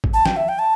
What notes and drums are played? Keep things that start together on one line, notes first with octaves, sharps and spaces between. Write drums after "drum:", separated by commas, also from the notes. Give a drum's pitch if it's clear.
drum: kick G#1
A5
G5, drum: snare
E5
G5
A5